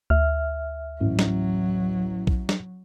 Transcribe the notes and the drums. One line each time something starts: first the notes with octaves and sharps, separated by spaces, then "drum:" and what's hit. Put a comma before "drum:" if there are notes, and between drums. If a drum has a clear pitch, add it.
D2 E5 F6
A1 F#3
drum: snare
drum: kick
drum: snare